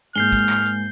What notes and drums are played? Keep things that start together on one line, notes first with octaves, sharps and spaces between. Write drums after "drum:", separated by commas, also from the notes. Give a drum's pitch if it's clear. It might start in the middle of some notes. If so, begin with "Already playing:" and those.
G#2 G#3 A#3 F6 G6 C7 G7
drum: kick, hi-hat
drum: clap
drum: hi-hat